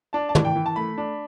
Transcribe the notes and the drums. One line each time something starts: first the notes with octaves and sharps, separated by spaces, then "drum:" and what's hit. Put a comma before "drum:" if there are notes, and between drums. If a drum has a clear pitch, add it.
D4 A5
A5
E3, drum: tom
G5
E3
A5
A3 B5
D4